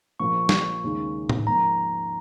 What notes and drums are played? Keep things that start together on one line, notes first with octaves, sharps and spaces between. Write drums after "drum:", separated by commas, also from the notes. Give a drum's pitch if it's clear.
A#1 A#2 F3 A#3 C#6
drum: snare
D#2 C#3 G#3 D#4
drum: tom A2
G#2 F3 A#3 A#5